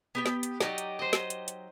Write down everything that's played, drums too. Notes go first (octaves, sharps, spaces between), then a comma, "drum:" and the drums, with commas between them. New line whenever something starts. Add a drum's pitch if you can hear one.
B3 G4 G5
drum: snare
drum: hi-hat
F#3 D#4 G4 D5 D#5, drum: snare
drum: hi-hat
C5 D#5
drum: snare
drum: hi-hat
drum: hi-hat